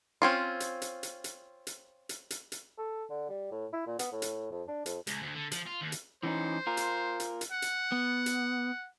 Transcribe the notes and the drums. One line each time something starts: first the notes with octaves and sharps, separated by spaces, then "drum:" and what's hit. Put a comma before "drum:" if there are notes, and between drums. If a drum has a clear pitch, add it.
C4 C#4 F4
drum: hi-hat
drum: hi-hat
drum: hi-hat
drum: hi-hat
drum: hi-hat
drum: hi-hat
drum: hi-hat
drum: hi-hat
A4
D3
G3
A2
E4
A#2
B3, drum: hi-hat
A2
drum: hi-hat
F2
D4
F2, drum: hi-hat
C#2, drum: hi-hat
D2
D3
F3, drum: hi-hat
F4
D#2
drum: hi-hat
E3 C#4 D#4 C5
F4 A#4
drum: hi-hat
drum: hi-hat
drum: hi-hat
F#5
drum: hi-hat
B3
drum: hi-hat